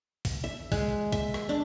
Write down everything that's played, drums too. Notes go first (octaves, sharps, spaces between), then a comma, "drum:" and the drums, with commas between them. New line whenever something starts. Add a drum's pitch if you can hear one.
drum: kick, open hi-hat
E5
G#3, drum: kick, open hi-hat
E5, drum: kick, hi-hat
drum: rim click
D4